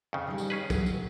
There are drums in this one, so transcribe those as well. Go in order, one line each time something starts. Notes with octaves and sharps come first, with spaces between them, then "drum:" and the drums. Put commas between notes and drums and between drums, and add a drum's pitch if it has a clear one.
F2 C#3
D#3 G3
drum: tambourine
C#4 G#4 B4
F#3, drum: kick, tambourine
drum: tambourine